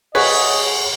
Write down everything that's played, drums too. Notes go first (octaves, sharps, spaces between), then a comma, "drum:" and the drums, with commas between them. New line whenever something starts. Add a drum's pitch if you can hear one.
G#4 B4 C#5 D#5 F#5 G#5 C#6 G#6, drum: cymbal